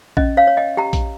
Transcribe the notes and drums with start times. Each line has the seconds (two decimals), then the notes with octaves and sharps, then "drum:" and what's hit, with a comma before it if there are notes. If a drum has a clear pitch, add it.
0.17 C#4 D#5, drum: kick A#1
0.37 C#5 F5
0.47 C#5
0.57 D#5 G5
0.77 G4 G5 A#5
0.93 drum: kick A#1, hi-hat